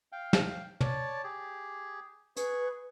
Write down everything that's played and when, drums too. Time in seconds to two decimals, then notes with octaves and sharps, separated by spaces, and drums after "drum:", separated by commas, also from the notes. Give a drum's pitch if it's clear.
0.12 F5 G5
0.33 drum: snare
0.81 C#5 D5 A5, drum: tom
1.24 G4 G#4
2.37 G#4 B4 C#6, drum: hi-hat